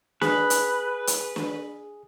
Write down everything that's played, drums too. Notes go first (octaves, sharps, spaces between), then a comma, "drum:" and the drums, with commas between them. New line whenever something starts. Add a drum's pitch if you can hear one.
G#4 B4, drum: snare
drum: hi-hat
drum: hi-hat
drum: snare